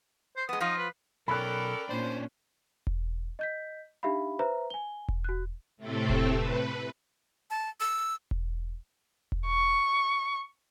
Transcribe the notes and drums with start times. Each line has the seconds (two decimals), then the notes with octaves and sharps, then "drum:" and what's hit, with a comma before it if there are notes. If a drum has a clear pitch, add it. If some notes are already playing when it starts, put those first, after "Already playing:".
0.37 C5
0.49 G#3 B3 D#6
0.60 F3 D#4 F4
0.78 B4
1.28 B1 C#4 A4 A#4 D5 G5 B5 F#6
1.89 A#2 C#4 D4 C5
2.87 drum: kick E1
3.39 D#5 G6 B6
4.03 D4 D#4 G4 E5 F5 B5
4.39 B4 C5 E5 A#5
4.70 G#5 G7
5.08 drum: kick E1
5.24 F#4 F#6
5.77 A2 C3 A3 C4 A4
6.09 drum: kick E1
6.33 B4
7.50 A5
7.80 E6
8.31 drum: kick E1
9.32 drum: kick E1
9.46 C#6